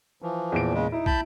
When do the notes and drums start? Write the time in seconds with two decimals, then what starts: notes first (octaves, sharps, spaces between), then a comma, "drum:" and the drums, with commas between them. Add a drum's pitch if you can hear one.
0.22 E3 F3
0.52 E2 A#2 D7
0.74 C#3 G#3
0.92 D#4 E4
1.06 A5 B5 G6, drum: kick